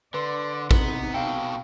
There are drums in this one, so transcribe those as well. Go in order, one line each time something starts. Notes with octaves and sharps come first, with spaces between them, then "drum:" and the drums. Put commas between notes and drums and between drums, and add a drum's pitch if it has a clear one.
D3 B4 D5 C6
C3 B3 D#4, drum: kick
B2 A4 F5 G5